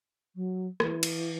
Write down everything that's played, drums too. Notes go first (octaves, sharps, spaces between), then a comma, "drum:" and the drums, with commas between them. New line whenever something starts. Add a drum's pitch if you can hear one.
F#3
E3, drum: rim click
drum: cymbal